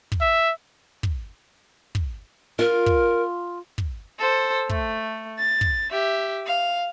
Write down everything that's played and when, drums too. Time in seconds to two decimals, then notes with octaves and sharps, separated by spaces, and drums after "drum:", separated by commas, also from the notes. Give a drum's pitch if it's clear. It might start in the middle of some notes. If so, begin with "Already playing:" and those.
0.12 drum: kick
0.21 E5
1.03 drum: kick
1.95 drum: kick
2.59 F4 A#4
2.86 drum: kick
3.78 drum: kick
4.19 A4 C5
4.69 A3, drum: kick
5.38 A6
5.61 drum: kick
5.92 G4 E5
6.46 F5